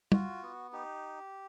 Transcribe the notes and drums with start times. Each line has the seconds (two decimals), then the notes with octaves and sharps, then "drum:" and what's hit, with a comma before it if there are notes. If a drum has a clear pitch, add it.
0.12 F4 F#4, drum: tom
0.43 B3
0.73 D#4 G4